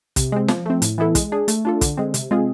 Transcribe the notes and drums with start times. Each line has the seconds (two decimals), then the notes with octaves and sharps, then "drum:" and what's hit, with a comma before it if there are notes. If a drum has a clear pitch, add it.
0.16 C3, drum: kick, hi-hat
0.32 G#3 C4
0.48 F3, drum: snare
0.66 A3 C4
0.82 A2, drum: hi-hat
0.98 E3 B3 E4 A4
1.15 G#3, drum: kick, hi-hat
1.32 D4 G#4
1.48 A3, drum: hi-hat
1.65 D4 F4 A4
1.81 D3, drum: kick, hi-hat
1.97 G#3 C4
2.14 C3, drum: hi-hat
2.31 G#3 C4 F4 G#4